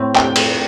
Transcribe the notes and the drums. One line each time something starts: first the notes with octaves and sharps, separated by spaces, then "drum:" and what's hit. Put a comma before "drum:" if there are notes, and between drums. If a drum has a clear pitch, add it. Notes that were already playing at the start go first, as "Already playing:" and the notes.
Already playing: A2 A3 C4
G5, drum: clap
drum: cymbal